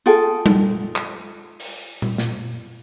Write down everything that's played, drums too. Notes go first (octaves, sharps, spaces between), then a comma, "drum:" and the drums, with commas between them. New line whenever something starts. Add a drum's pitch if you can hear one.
F4 G#4 A4 G5
drum: tom G3
drum: clap
drum: open hi-hat
drum: tom A#2
drum: snare